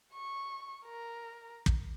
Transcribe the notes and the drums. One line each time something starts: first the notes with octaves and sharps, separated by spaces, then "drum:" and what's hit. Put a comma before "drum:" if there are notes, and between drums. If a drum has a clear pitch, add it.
C#6
A#4
drum: kick